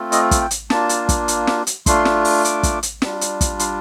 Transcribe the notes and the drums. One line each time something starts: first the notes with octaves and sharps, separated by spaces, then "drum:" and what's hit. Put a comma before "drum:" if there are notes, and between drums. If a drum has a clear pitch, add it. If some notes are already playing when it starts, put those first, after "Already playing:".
Already playing: A3 C4 F4
D#5, drum: hi-hat
drum: kick, hi-hat
G5
drum: hi-hat
A#3 D4 F4 A5, drum: snare
drum: hi-hat
drum: kick, hi-hat
drum: hi-hat
drum: snare
drum: hi-hat
A3 D4 F4 C6, drum: kick, hi-hat
drum: snare
drum: open hi-hat
D6, drum: hi-hat
drum: kick, hi-hat
drum: hi-hat
G3 D4 F4, drum: snare
drum: hi-hat
drum: kick, hi-hat
C6, drum: hi-hat